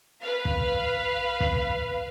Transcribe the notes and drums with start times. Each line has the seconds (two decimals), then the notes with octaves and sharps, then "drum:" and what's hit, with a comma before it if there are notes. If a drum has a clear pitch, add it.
0.21 B4 F5
0.45 drum: kick
1.40 drum: kick